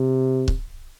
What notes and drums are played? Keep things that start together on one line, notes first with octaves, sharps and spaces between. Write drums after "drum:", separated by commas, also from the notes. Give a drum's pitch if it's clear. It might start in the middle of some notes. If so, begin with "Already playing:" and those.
Already playing: C3
drum: kick C#1